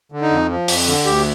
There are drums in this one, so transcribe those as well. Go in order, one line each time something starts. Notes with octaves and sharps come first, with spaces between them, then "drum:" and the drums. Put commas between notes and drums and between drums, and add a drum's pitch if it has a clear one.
D3
D#4
F2
F3
F2, drum: open hi-hat
D3
D2 G4